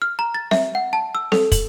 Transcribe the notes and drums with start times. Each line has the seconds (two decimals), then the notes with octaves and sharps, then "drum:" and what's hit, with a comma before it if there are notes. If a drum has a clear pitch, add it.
0.02 F6
0.19 A#5
0.34 A6
0.51 E5, drum: snare C4
0.75 F#5
0.93 A5
1.15 E6
1.32 A4, drum: snare C4
1.52 F#7, drum: kick, hi-hat